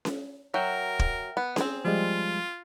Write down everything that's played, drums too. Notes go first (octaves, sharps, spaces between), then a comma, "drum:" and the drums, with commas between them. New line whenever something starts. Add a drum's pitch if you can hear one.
drum: snare C#4
F#3 A#4 E5 F#5 G5
drum: kick
B3
C4 G#4, drum: snare C#4
F3 G3 G#3 F4